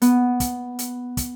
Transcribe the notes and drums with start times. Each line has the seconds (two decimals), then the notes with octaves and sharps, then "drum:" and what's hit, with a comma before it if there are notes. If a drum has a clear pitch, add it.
0.02 B3, drum: hi-hat
0.40 drum: kick, hi-hat
0.79 drum: hi-hat
1.17 drum: kick, hi-hat